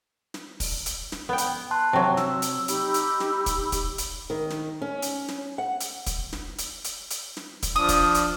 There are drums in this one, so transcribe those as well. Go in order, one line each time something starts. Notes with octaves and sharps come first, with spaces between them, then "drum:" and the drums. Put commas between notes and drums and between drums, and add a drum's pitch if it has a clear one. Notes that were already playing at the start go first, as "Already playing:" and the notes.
drum: snare
drum: kick, open hi-hat
drum: hi-hat
drum: snare
B3 G5
drum: hi-hat
A5 C6 F#6
C3 F#3
E6, drum: snare
drum: hi-hat
D#4 G4 B5 E6, drum: hi-hat
drum: hi-hat
drum: snare
drum: kick, hi-hat
drum: kick, hi-hat
drum: hi-hat
D#3
drum: snare
C#4
drum: hi-hat
drum: snare
F#5
drum: hi-hat
drum: kick, hi-hat
drum: snare
drum: hi-hat
drum: hi-hat
drum: hi-hat
drum: snare
drum: kick, hi-hat
F3 D4 D#6
drum: kick, hi-hat
drum: hi-hat